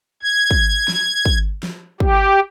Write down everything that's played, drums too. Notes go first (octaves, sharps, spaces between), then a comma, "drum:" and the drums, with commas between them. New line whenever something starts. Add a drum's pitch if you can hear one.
G#6
drum: kick
drum: snare
drum: kick
drum: snare
G4, drum: kick